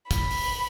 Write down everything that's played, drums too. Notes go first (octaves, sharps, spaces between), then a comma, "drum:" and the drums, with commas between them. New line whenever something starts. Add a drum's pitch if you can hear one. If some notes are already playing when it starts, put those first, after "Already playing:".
B5, drum: kick, hi-hat
drum: open hi-hat